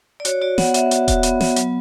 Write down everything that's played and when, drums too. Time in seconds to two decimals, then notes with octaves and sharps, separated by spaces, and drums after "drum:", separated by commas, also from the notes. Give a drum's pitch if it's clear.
0.20 D5
0.25 F#4 C#5, drum: hi-hat
0.41 F#4 D5
0.58 B3 F#5, drum: snare
0.74 B3 E5, drum: hi-hat
0.91 F#4, drum: hi-hat
1.08 F#4, drum: kick D#1, hi-hat
1.23 B3, drum: hi-hat
1.41 B3, drum: snare
1.56 F#3, drum: hi-hat